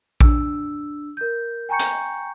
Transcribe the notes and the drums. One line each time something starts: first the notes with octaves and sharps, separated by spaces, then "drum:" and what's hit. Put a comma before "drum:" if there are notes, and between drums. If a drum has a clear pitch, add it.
D4 E6, drum: kick A#1
A#4 G6
G5 G#5 A#5 C#6 G6 C#7
drum: hi-hat